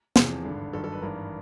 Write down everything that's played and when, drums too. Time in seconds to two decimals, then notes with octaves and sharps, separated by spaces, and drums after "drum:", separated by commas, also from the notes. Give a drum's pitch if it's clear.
0.16 E2 C3 F3 G#4, drum: snare
0.45 G#1 G2 D3
0.73 G1 G2 D#3 F#3 A4
0.84 A4
0.92 B4
1.02 G#1 G2 E3 A#4